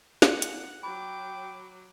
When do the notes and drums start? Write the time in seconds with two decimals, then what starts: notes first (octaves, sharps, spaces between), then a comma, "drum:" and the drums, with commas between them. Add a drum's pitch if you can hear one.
0.22 F#5, drum: snare
0.42 drum: hi-hat
0.83 F#3 G5 B5 D6